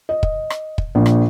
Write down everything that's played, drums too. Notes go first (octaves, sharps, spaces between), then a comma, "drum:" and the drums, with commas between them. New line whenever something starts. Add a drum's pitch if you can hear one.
D#5
drum: kick
drum: rim click
drum: kick
A#1
drum: rim click